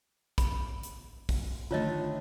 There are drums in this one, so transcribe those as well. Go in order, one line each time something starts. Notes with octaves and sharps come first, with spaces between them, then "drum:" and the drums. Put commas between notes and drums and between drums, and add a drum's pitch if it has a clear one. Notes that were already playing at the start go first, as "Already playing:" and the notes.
B5, drum: kick, hi-hat
drum: hi-hat
drum: kick, open hi-hat
D3 D#3 A3 F4 C#5 D#5